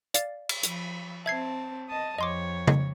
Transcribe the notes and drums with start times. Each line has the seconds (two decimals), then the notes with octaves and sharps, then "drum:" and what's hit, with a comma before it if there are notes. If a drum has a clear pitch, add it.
0.14 D5 F5 A6, drum: hi-hat
0.49 drum: cymbal
0.63 F3 B5, drum: hi-hat
1.26 C4 E5 A5 G#6 C7
1.88 D#5 A5 D#6
2.18 F2 C#5 D#5 C6 D6
2.67 drum: tom C#3